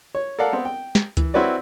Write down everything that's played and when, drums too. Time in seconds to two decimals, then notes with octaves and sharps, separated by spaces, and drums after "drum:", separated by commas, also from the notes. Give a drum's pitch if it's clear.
0.15 C#5
0.39 A4 A#4 D5 F5 F#5
0.53 B3 C4
0.65 G5
0.95 drum: snare
1.17 E3, drum: kick C#2, hi-hat
1.34 C4 E4 F#4 B4 C#5 D5